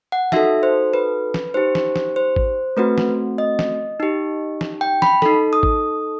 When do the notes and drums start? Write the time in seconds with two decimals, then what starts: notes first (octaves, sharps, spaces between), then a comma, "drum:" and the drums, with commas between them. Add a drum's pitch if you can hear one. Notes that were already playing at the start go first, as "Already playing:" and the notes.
0.12 F#5
0.32 D#4 F#4 A4 E5, drum: snare
0.63 C5
0.94 B4
1.34 drum: snare
1.54 D#4 G4 C5
1.75 drum: snare
1.96 drum: snare
2.16 C5
2.36 drum: kick A1
2.77 A3 C4 F#4 B4
2.98 drum: snare
3.38 D#5
3.59 drum: snare
4.00 D#4 G4
4.61 drum: snare
4.81 G5
5.02 B5, drum: snare
5.22 D#4 A4, drum: snare
5.53 D#6
5.63 drum: kick A1